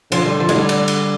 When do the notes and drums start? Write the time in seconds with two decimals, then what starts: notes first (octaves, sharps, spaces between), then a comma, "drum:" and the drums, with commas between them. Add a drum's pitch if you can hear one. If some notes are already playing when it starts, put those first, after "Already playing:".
0.12 D3 F3, drum: cymbal
0.26 G3
0.40 F3
0.49 G#3, drum: cymbal
0.55 G3
0.69 drum: cymbal
0.88 drum: cymbal